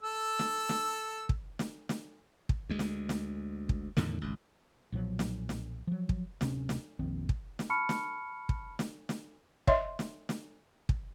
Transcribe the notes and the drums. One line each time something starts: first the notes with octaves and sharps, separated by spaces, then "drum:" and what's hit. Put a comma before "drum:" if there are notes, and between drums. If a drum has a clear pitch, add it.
A4 E6
drum: snare
drum: snare
drum: kick
drum: snare
drum: snare
drum: kick
D2 G#3
drum: snare
drum: snare
drum: kick
E2 A2 D3 D#3, drum: snare
G#1 C#2
B1 A#2 F3 F#3
drum: snare
drum: snare
F3 F#3
drum: kick
D1 C3 C#4, drum: snare
drum: snare
A#1 F2 D#3 C4
drum: kick
drum: snare
A5 B5 C#6 F6 C#7
drum: snare
drum: kick
drum: snare
drum: snare
C#5 D#5 E5 C6, drum: kick
drum: snare
drum: snare
drum: kick